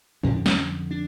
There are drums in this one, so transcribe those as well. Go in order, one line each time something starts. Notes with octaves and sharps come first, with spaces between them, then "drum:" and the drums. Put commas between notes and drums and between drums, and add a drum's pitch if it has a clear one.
F2 D3 C#4, drum: tom
C#4, drum: snare
D4